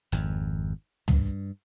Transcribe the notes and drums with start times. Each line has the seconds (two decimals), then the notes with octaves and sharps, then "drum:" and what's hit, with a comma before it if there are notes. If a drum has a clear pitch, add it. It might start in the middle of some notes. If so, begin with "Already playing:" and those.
0.12 G#1 F2, drum: hi-hat
1.08 G2, drum: tom